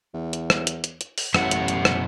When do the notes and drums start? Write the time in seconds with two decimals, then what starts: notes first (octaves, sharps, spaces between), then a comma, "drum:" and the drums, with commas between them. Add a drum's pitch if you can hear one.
0.14 E2
0.33 drum: hi-hat
0.50 drum: rim click
0.67 drum: hi-hat
0.84 drum: hi-hat
1.01 drum: hi-hat
1.18 drum: open hi-hat
1.34 A1 F#2 B2 E4 C#5 F#5, drum: rim click
1.51 drum: hi-hat
1.68 drum: hi-hat
1.85 drum: rim click